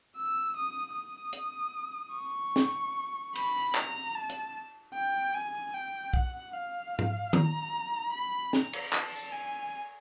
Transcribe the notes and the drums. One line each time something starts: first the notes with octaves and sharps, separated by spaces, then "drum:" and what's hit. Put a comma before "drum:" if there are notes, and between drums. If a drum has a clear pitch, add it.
E6
D#6
D#6
drum: hi-hat
C#6
drum: snare
B5, drum: cymbal
A#5, drum: clap
A5
drum: hi-hat
G5
G#5
G5
F#5, drum: kick
F5
drum: tom G#2
A#5, drum: tom D#3
B5
A#5, drum: snare
drum: cymbal
A5, drum: clap
drum: tambourine
G#5